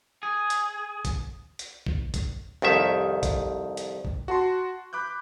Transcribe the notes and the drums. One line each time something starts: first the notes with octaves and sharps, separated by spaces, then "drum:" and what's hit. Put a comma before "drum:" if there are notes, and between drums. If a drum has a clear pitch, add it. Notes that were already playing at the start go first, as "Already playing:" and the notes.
G#4
drum: hi-hat
drum: kick B1, hi-hat
drum: hi-hat
drum: kick B1
drum: kick B1, hi-hat
C2 F2 D#3 E5
drum: kick B1, hi-hat
drum: hi-hat
drum: kick B1
F#4 A5 C6
B5 D6 F#6 G6